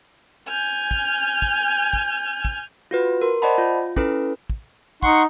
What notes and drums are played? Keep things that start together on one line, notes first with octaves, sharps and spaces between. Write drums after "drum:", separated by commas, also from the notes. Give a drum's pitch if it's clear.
G#5 F6 G6
drum: kick
drum: kick
drum: kick
drum: kick
F4 F#4 B4
A#4 C6
C5 D5 D#5 F#5 A5 B5
F4
C#4 E4 A4 B4, drum: kick
drum: kick
D#4 F#5 C6 C#6, drum: kick